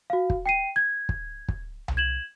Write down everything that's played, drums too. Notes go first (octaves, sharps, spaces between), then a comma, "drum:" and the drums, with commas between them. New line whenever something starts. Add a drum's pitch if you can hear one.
F#4 F5
drum: kick
G5 C7 D#7
G#6
drum: kick
drum: kick
drum: tom C2
G#6 E7 F#7